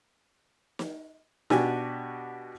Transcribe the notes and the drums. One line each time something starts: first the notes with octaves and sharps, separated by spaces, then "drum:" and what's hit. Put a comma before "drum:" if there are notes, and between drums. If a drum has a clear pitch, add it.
drum: snare
B2 D4 F#4 G4 G#5, drum: snare